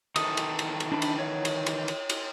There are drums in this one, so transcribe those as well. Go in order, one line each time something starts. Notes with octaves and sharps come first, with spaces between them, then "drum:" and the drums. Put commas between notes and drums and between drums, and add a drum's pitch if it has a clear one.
D#3 E3 A4 D#6, drum: cymbal
drum: cymbal
drum: cymbal
drum: cymbal
D4 B5
drum: cymbal
C#5 F#5
drum: cymbal
drum: cymbal
drum: cymbal
drum: cymbal